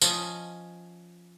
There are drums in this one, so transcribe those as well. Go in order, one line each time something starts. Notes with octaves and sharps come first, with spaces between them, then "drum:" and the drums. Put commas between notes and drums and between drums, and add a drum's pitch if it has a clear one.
F3 C#4 D#5, drum: tambourine